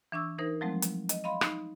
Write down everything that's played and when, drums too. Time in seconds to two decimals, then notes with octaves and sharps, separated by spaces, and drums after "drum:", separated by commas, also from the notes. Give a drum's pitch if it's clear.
0.12 E3 D4 C#6 E6
0.39 E3 D#4 A#4 C5
0.61 F3 F#3 G#3 A3 C4
0.82 drum: hi-hat
1.09 D#5, drum: hi-hat
1.24 D#5 F5 B5 C6
1.41 D#4, drum: rim click